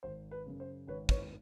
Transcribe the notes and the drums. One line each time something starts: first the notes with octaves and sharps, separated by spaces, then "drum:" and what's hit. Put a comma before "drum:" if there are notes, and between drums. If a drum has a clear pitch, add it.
G#1 C5
B4
F#2 C#3
C5
G#1 B4 C#5
B4 C#5, drum: kick